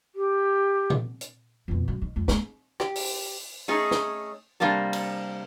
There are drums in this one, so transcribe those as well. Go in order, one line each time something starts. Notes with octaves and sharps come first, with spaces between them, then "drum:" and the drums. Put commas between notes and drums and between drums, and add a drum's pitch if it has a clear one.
G4
drum: tom A#2
drum: hi-hat
F2 B2
F#2
D#3
F2
F3 A#3, drum: snare
G4, drum: rim click
drum: open hi-hat
A3 C#4 D#4 G#4
drum: snare
C3 G3 A#3 D4 A4
drum: cymbal